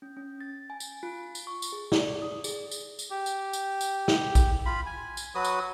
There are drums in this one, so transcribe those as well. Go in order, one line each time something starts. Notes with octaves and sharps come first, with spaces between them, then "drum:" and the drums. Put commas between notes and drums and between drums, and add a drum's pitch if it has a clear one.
C#4
C#4
A6
G#5
drum: tambourine
F4
drum: tambourine
C#6
drum: tambourine
G#4
D5, drum: snare
D#6
G#4, drum: tambourine
drum: tambourine
drum: tambourine
G4
drum: tambourine
drum: tambourine
drum: tambourine
drum: snare
drum: kick A#1, tambourine
F4 B5
G#5
drum: tambourine
F#3 F#4 B4 D#6
drum: tambourine